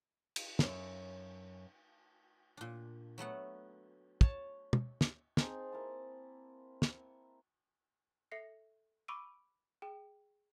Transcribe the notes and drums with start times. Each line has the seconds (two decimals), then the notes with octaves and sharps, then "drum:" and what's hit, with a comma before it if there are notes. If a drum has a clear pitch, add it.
0.36 drum: cymbal
0.59 F#2 C#5, drum: snare
2.57 A#2 D4
3.18 F#3 A3 B3 F#5
4.21 C#5 A5, drum: kick
4.73 drum: tom
5.01 drum: snare
5.37 C4 D#4 G#4 A5, drum: snare
5.72 A#3 E4 A5
6.82 drum: snare
8.31 A4 E5 A#6 C7 C#7
9.08 B5 C#6 D6 E6 D7 D#7
9.82 G#4 G5